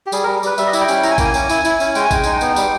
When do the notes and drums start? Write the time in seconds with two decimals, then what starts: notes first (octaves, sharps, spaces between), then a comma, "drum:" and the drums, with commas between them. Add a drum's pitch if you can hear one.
0.06 G4
0.12 G3 G#4, drum: tambourine
0.24 G3 A#4
0.43 G3 B4, drum: tambourine
0.58 G3 E5, drum: tambourine
0.67 D#5
0.73 E4 E5, drum: tambourine
0.81 G5
0.88 C#4, drum: tambourine
1.03 E4 A#5, drum: tambourine
1.11 G#5
1.18 A#3 G5, drum: kick, tambourine
1.25 G#5
1.34 C#4, drum: tambourine
1.49 E4, drum: tambourine
1.65 E4, drum: tambourine
1.80 C#4, drum: tambourine
1.95 G#3 G5, drum: tambourine
2.05 G#5
2.11 G#3 G5, drum: kick, tambourine
2.23 D#4 G#5, drum: tambourine
2.33 G5
2.41 B3, drum: tambourine
2.56 G3, drum: tambourine